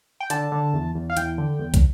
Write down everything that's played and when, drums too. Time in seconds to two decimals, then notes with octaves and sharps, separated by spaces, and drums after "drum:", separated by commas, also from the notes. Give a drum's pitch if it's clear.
0.20 G5
0.30 D3 A5, drum: hi-hat
0.52 D3
0.74 E2
0.95 E2
1.10 F5
1.17 E2 G5, drum: hi-hat
1.38 D3
1.59 E2
1.74 drum: kick, hi-hat